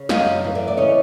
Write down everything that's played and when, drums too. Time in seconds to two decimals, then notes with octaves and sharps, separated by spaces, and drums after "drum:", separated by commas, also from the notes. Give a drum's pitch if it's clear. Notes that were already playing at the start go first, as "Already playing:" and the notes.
Already playing: C#3
0.09 F#2 D#5 F5, drum: snare
0.44 E3
0.55 D5 E5
0.68 D5
0.77 C#3 C#5 D#5